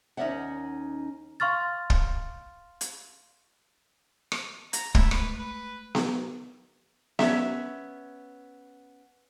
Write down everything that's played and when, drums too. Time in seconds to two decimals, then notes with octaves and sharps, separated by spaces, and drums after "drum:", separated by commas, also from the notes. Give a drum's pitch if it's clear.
0.17 D#2 C#4 D#4 D5 E5 F#5
1.40 F5 C6 C#6 F6 A6
1.90 drum: kick
2.81 drum: hi-hat
4.32 drum: rim click
4.73 A#5, drum: hi-hat
4.95 G#3 A3 E4, drum: kick
5.11 B4, drum: rim click
5.39 B4
5.95 drum: snare B3
7.19 B3 C#4 E5, drum: snare B3